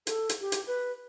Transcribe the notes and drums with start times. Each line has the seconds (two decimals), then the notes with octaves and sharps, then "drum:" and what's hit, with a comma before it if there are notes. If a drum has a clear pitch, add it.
0.07 A4, drum: hi-hat
0.29 drum: hi-hat
0.41 G4
0.52 drum: hi-hat
0.67 B4